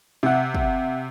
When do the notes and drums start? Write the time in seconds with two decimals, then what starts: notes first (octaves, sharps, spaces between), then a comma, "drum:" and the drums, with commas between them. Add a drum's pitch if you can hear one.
0.23 C3 E5 F#5
0.54 drum: kick